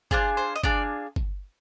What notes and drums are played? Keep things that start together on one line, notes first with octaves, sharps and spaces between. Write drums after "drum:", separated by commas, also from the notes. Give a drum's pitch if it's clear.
D4 F4 G#4 C5, drum: kick G1
C5
D#5
D4 F4 G#4 D5, drum: kick G1
drum: kick G1